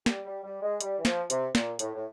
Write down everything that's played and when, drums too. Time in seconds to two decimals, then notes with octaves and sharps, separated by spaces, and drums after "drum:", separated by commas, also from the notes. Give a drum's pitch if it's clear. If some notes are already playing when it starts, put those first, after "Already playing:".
0.06 G3, drum: snare
0.25 G3
0.44 G3
0.62 G#3
0.81 G3, drum: hi-hat
0.98 E3
1.05 F3, drum: snare
1.30 C3, drum: hi-hat
1.55 A#2, drum: snare
1.79 A2, drum: hi-hat
1.95 A2